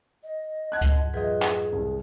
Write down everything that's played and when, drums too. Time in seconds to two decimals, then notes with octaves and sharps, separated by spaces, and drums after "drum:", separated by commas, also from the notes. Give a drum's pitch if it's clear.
0.24 D#5
0.72 F#5 A5 F#6 G#6
0.81 drum: kick C#2, hi-hat
0.92 F2 G#2 F#3
1.14 E3 F#3 F4 G#4 B4 D#5
1.42 drum: clap
1.72 C2